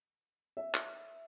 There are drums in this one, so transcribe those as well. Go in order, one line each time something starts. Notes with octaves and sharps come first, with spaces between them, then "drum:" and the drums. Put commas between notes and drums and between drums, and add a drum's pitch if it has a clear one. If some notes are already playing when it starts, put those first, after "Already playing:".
E5
drum: clap